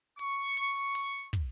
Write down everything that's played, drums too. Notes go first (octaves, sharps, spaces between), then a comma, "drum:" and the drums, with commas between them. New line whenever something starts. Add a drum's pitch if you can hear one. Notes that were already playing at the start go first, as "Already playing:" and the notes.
C#6, drum: hi-hat
drum: hi-hat
drum: open hi-hat
drum: kick, hi-hat